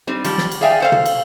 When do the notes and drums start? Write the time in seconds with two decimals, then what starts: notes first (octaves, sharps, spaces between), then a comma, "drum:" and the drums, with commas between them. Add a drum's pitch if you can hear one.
0.07 G3 C4 D#4
0.24 F3 G3, drum: cymbal
0.38 drum: snare
0.52 drum: cymbal
0.61 G#4 D5 E5 F5 G5 G#5
0.80 A4 C5 F5
0.92 drum: tom
1.06 drum: cymbal